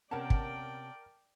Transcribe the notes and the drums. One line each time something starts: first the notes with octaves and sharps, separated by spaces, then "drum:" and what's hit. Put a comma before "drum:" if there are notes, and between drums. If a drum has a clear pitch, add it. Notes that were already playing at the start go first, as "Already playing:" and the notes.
C3 B3 C#4 A#4 D5 F#5 G5 A5
drum: kick